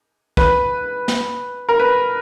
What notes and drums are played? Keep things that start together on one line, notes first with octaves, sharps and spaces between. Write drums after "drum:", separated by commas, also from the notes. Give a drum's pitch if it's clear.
B4, drum: kick
drum: snare
A#4
B4